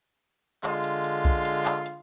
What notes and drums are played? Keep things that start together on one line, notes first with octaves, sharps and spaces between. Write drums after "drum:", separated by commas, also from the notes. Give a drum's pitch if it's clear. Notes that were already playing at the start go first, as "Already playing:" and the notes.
D3 G#3 F4, drum: clap
drum: hi-hat
drum: hi-hat
drum: kick B1, hi-hat
drum: hi-hat
drum: clap
drum: hi-hat